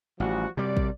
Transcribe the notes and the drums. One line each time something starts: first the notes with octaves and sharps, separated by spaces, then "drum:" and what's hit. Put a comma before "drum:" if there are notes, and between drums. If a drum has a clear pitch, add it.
A1 F3 G3 F#4
F#2 C3 G3 D5
drum: kick